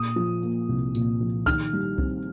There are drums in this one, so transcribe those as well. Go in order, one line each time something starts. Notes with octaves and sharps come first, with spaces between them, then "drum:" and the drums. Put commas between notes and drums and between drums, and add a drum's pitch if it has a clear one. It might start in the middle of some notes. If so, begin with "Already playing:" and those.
Already playing: A#2 D#6
F3
A#3
C2
A#2, drum: tambourine
F3
D#3 F6, drum: kick C2, tambourine
G3
C4, drum: kick C2